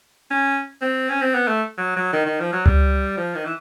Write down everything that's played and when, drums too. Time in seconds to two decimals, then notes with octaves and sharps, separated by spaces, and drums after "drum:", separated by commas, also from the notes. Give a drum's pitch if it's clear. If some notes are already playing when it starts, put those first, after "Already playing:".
0.31 C#4
0.82 C4
1.09 C#4
1.21 C4
1.35 B3
1.48 A3
1.78 F#3
1.96 F#3
2.13 D#3
2.26 D#3
2.40 F3
2.53 F#3
2.66 G3, drum: tom C#2
3.18 F3
3.35 D#3
3.45 E3